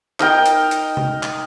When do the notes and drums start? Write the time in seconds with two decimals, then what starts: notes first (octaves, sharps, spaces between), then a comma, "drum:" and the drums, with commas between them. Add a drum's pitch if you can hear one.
0.20 D#4 A#4 G5, drum: clap
0.46 drum: hi-hat
0.71 drum: hi-hat
0.97 drum: tom C3
1.23 drum: clap